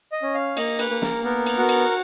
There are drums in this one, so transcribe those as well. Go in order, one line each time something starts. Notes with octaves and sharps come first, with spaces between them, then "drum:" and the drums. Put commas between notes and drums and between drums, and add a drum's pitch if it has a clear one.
D#5
C#4
F5
A#3 D#5, drum: cymbal
B4, drum: cymbal
A#3
A#4, drum: snare
B3 A#4
drum: cymbal
F#4
drum: cymbal